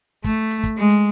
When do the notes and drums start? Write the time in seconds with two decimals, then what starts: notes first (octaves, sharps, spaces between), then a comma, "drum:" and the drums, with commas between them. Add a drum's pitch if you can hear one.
0.24 A3, drum: kick, hi-hat
0.50 drum: hi-hat
0.63 drum: kick, hi-hat
0.77 G#3
0.90 drum: hi-hat